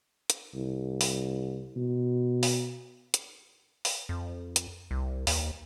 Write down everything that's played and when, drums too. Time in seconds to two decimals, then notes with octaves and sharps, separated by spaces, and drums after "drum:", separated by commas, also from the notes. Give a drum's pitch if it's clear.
0.30 drum: hi-hat
0.55 C2
1.01 drum: open hi-hat
1.77 B2
2.43 drum: open hi-hat
3.14 drum: hi-hat
3.85 drum: open hi-hat
4.09 F2
4.56 drum: hi-hat
4.91 C2
5.27 D#2, drum: open hi-hat